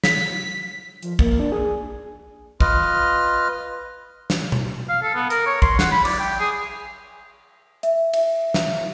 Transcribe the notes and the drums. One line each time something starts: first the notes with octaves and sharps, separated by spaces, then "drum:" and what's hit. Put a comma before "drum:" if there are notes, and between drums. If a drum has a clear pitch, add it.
B6, drum: snare
F3, drum: hi-hat
A#3, drum: kick
D4
G#4
F4 B4 D#5 F6, drum: kick
drum: snare
drum: tom B2
F5
A4
B3
A#4, drum: hi-hat
C#5
C6, drum: kick
F#5, drum: snare
B5
D5, drum: cymbal
G5
G#4
E5, drum: hi-hat
E5, drum: cymbal
drum: snare